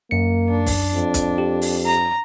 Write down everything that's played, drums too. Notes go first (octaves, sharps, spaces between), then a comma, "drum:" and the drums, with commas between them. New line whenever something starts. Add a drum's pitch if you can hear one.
F#2 A#3 C#7
D4
drum: kick, open hi-hat
F2
drum: kick, hi-hat
G4
drum: open hi-hat
A#5